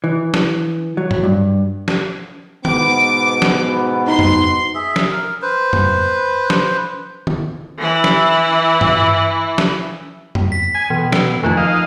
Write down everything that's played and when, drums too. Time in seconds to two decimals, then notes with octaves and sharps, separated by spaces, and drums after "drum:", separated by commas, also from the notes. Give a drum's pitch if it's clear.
0.04 E3
0.34 drum: snare
0.97 F#3
1.11 drum: tom
1.23 G2
1.88 drum: snare
2.65 G#2 B2 B3 D6, drum: tom D3
3.42 drum: snare
4.08 D#4 C6
4.19 drum: tom F2
4.74 G#4 E5
4.96 drum: snare
5.11 A#4
5.42 B4 C5
5.73 drum: tom F2
6.50 drum: snare
7.27 drum: tom D3
7.79 E3 E4
8.04 drum: snare
8.81 drum: tom
9.58 drum: snare
10.35 drum: tom F2
10.52 B6
10.75 G#5
10.90 B2 E3
11.12 B4, drum: snare
11.43 F2 D#3 F3 A3 D#4 F4
11.57 D#5 F5